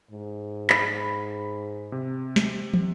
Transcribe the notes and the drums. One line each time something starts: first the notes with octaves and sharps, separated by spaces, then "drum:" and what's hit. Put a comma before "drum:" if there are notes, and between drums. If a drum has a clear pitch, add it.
G#2
B5, drum: clap
C3
drum: snare
drum: tom